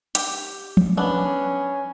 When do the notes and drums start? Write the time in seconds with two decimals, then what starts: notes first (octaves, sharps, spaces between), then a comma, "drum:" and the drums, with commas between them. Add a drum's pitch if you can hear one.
0.15 G4, drum: hi-hat
0.77 drum: tom F3
0.97 B3 C#4 D4